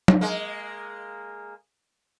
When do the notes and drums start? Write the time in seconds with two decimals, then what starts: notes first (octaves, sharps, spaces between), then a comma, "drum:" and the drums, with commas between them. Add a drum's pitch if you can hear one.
0.08 drum: tom
0.21 G#3 A#3